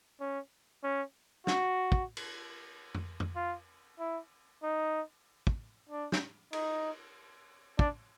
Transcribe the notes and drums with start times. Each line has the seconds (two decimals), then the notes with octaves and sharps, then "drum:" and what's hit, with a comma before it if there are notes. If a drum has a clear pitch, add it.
0.20 C#4
0.83 C#4
1.47 F#4, drum: snare
1.92 drum: kick
2.17 drum: cymbal
2.95 drum: tom
3.20 drum: tom
3.36 F4
3.99 E4
4.63 D#4
5.47 drum: kick
5.89 D4
6.12 drum: snare
6.53 D#4, drum: cymbal
7.79 D4, drum: kick